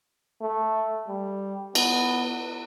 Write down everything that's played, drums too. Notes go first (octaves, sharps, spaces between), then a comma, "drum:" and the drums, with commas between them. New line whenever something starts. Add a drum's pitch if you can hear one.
A3
G3
B3, drum: cymbal